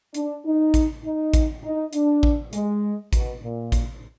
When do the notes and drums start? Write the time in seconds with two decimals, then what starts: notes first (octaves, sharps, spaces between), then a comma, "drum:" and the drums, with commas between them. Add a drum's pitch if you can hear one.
0.14 D4, drum: hi-hat
0.44 D#4
0.74 drum: kick A1, hi-hat
1.04 D#4
1.34 drum: kick A1, hi-hat
1.63 D#4
1.93 D4, drum: hi-hat
2.23 drum: kick A1
2.53 G#3, drum: hi-hat
3.13 B2, drum: kick A1, hi-hat
3.43 A#2
3.72 drum: kick A1, hi-hat